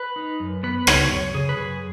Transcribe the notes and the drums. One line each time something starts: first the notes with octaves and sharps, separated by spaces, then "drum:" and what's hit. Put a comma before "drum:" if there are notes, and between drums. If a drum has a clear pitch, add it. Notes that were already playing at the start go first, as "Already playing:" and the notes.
Already playing: B4
D#4
F#2
B3 B4
C#3 C#5, drum: rim click
F#2 C#5
C#3 G#4
B4
F#2 G#4